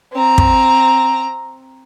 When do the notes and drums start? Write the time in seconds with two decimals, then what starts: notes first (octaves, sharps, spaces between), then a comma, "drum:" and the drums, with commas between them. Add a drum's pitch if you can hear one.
0.13 C4 A#5
0.38 drum: kick